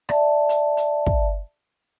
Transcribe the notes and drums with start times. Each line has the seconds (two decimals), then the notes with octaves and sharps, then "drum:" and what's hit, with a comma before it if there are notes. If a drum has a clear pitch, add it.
0.09 D5 E5 A5, drum: rim click
0.49 drum: hi-hat
0.77 drum: hi-hat
1.06 drum: kick